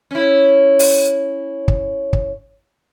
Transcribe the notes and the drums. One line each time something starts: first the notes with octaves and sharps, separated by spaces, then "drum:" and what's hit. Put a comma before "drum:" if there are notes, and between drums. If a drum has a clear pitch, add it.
C#4 E4
drum: open hi-hat
drum: kick
drum: kick